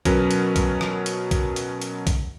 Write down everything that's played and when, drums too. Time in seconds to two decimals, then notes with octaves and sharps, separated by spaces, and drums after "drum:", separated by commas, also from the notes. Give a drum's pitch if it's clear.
0.05 B2 F#3 C#4 A#4 B4, drum: kick, hi-hat
0.31 drum: hi-hat
0.56 drum: kick, hi-hat
0.81 drum: rim click
1.06 drum: hi-hat
1.31 drum: kick, hi-hat
1.56 drum: hi-hat
1.82 drum: hi-hat
2.07 drum: kick, hi-hat